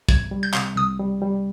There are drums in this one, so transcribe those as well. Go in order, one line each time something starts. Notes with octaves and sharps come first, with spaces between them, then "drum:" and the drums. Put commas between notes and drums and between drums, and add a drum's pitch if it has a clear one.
C2 G#6, drum: kick
G3
G6
C3, drum: clap
C2 D#6
G3
G3